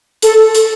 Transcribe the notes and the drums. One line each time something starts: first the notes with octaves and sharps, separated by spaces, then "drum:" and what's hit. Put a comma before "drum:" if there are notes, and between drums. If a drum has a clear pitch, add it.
A4, drum: hi-hat
drum: hi-hat